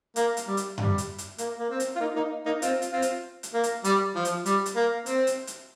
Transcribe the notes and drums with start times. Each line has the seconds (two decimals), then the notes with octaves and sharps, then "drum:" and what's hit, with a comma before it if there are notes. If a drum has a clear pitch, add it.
0.16 A#3, drum: hi-hat
0.37 drum: hi-hat
0.47 G3
0.57 drum: hi-hat
0.78 G3, drum: tom F#2
0.98 drum: hi-hat
1.18 drum: hi-hat
1.38 A#3, drum: hi-hat
1.58 A#3
1.70 C4
1.80 drum: hi-hat
1.96 F4
2.00 A#3 D#4
2.16 A#3 D#4
2.46 A#3 D#4
2.62 C4 F4, drum: hi-hat
2.82 drum: hi-hat
2.92 C4 F4
3.02 drum: hi-hat
3.43 drum: hi-hat
3.54 A#3
3.63 drum: hi-hat
3.84 G3, drum: hi-hat
4.15 F3
4.25 drum: hi-hat
4.46 G3, drum: hi-hat
4.66 drum: hi-hat
4.76 A#3
5.06 C4, drum: hi-hat
5.27 drum: hi-hat
5.47 drum: hi-hat